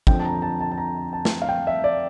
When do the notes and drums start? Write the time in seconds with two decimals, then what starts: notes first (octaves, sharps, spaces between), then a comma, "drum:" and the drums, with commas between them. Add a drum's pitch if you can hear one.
0.07 F2 D3 F3 G5, drum: kick
0.20 A5
0.25 A#5
0.42 A5
0.61 A5
0.72 A5
0.78 A#5
1.13 A5
1.25 drum: snare
1.42 F5
1.49 G5
1.67 E5
1.84 D5